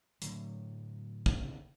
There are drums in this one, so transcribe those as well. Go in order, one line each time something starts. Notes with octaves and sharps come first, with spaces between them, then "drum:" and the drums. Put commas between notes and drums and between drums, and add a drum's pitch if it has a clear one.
A2 D3 F#3, drum: hi-hat
drum: kick